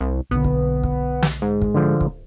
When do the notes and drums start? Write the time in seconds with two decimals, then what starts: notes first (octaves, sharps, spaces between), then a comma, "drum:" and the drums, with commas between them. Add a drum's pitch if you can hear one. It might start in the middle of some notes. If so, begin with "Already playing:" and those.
0.01 C2
0.31 B1 D3 B3
0.44 drum: kick
0.83 drum: kick
1.23 drum: snare
1.42 G#2
1.62 drum: kick
1.74 D3 F3
2.01 drum: kick